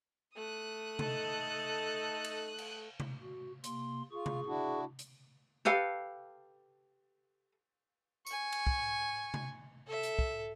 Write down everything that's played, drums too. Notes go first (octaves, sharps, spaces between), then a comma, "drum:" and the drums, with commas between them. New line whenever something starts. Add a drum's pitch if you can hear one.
A3 D#6 F#6
D#4 A4, drum: tom C3
drum: cymbal
drum: cymbal
drum: tom C3
F#4
C3 A#3 C6, drum: hi-hat
F4 G#4 C#6
drum: tom C3
D4 E4 F#4
drum: hi-hat
G4 A4 B4 F5
G#5 C#6, drum: tambourine
drum: cymbal
drum: kick
drum: tom C3
A4 E5
drum: hi-hat
drum: kick